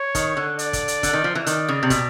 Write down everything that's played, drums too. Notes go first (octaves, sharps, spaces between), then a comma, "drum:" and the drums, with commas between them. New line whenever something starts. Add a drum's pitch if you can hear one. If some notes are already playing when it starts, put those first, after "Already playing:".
Already playing: C#5
D#3, drum: kick, hi-hat
D3
D5, drum: hi-hat
drum: kick, hi-hat
drum: hi-hat
D3, drum: kick, hi-hat
D#3
F3
E3
D#3 D5, drum: hi-hat
C#3
C3
B2, drum: kick, hi-hat